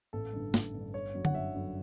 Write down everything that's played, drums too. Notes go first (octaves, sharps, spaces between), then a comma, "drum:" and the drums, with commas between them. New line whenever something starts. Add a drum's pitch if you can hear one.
A1 A4
G2 D3
A1, drum: snare
G2 D3
G1 C#5
F#2 D3 F#3
F#5, drum: tom D3
G1 E5
F#2 D3 F#3